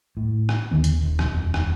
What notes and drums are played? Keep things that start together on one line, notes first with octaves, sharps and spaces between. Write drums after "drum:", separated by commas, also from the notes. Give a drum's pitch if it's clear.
A2
drum: rim click
D#2 D3 D#3 B3
drum: hi-hat
D#1
D#1 F2, drum: rim click
drum: rim click